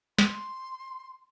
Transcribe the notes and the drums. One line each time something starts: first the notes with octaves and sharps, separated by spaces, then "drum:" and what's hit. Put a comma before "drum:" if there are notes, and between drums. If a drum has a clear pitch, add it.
C6, drum: snare